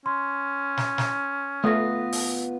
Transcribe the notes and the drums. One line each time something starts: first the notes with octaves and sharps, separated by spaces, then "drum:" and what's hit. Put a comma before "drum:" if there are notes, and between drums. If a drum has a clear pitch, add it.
C#4 C6
drum: snare
drum: snare
A3 B3 F4 B4 D#6 A#6
drum: open hi-hat